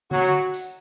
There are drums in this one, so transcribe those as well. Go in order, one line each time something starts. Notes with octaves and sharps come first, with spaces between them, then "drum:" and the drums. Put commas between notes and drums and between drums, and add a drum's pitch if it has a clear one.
F#3 F#4, drum: tom D3
drum: hi-hat
drum: hi-hat